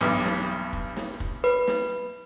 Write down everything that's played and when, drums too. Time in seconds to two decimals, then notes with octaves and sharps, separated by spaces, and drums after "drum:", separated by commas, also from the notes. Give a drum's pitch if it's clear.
0.01 B1 E2 G2
0.26 drum: snare
0.73 drum: kick
0.97 drum: snare
1.20 drum: kick
1.44 B4
1.67 drum: snare